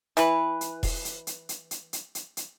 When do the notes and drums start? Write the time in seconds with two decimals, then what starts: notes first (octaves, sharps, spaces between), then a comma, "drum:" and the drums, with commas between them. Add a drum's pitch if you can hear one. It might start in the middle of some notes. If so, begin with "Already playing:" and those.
0.17 E3 B4, drum: hi-hat
0.61 drum: hi-hat
0.83 drum: kick E1, open hi-hat
1.05 drum: hi-hat
1.27 drum: hi-hat
1.49 drum: hi-hat
1.71 drum: hi-hat
1.93 drum: hi-hat
2.15 drum: hi-hat
2.37 drum: hi-hat